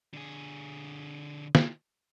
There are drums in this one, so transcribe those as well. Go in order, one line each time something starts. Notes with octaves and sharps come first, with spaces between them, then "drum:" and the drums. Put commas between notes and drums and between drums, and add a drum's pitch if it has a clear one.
D3 G#4
drum: snare